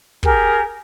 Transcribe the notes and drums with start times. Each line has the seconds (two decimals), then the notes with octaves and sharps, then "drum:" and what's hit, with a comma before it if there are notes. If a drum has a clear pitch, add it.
0.23 G4 G#4 A#4, drum: kick